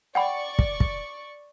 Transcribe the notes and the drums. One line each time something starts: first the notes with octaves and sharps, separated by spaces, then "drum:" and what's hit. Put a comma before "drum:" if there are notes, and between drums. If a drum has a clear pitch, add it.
D5 F#5 G5 B5 C#6
drum: kick
drum: kick